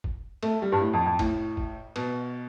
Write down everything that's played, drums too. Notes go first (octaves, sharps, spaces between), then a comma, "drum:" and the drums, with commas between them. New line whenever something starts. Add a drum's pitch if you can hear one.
drum: kick
A3, drum: cymbal
G3
G2
A2
F2
F2
A2, drum: kick, cymbal
drum: kick
B2, drum: cymbal